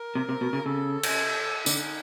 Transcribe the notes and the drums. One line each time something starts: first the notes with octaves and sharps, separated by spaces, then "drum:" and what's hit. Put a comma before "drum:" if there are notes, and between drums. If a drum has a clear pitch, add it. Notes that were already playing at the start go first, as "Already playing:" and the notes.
Already playing: A#4
C3
C3
B2
C#3
C#3 A4
drum: cymbal
D3 D#4, drum: tambourine